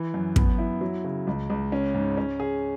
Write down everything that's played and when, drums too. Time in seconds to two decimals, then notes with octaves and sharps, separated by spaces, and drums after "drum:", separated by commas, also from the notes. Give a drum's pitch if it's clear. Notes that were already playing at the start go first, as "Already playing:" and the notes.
Already playing: E3
0.14 F#2
0.36 B3, drum: kick
0.58 E4
0.81 F#3
1.04 C#3
1.27 C#2
1.50 C#2
1.72 C#4
1.95 G#2
2.17 C#4
2.40 G#4